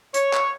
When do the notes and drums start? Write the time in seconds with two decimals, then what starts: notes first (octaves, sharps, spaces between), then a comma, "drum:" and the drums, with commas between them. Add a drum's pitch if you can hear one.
0.14 C#5, drum: hi-hat
0.34 drum: clap